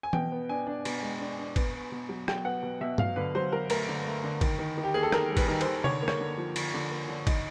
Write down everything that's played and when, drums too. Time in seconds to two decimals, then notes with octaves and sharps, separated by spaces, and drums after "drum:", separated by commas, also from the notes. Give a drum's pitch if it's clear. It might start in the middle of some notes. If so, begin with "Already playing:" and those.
0.03 G#5
0.13 B2 G5, drum: tom E3
0.32 B3
0.49 D4 G#5
0.67 D4
0.85 B2, drum: cymbal
1.02 G#3
1.21 D4
1.39 D4
1.56 B3, drum: kick, cymbal
1.73 B3
1.92 B2
2.09 F#3
2.28 F#3 G5, drum: rim click
2.45 B3 F#5
2.63 B2
2.81 B2 E5
2.98 F#3 F5, drum: tom G2
3.16 D3 B4
3.35 F#3 C5
3.52 F#3 A#4
3.70 A3 A#4, drum: cymbal
3.88 D3
4.06 A3
4.23 D3
4.41 D#3, drum: kick, cymbal
4.59 D#3
4.77 D#3
4.84 G4
4.94 A#3 G#4
5.03 A4
5.12 D#3 A#4, drum: rim click
5.30 G3
5.37 B4, drum: kick, cymbal
5.48 D#3
5.61 C5, drum: cymbal
5.66 D#3
5.84 D3 C#5, drum: tom C3
6.02 A#3
6.08 C#5, drum: rim click
6.20 D3
6.38 F3
6.56 D3, drum: cymbal
6.74 D3
6.91 A#3
7.08 D3
7.27 D#4, drum: kick, cymbal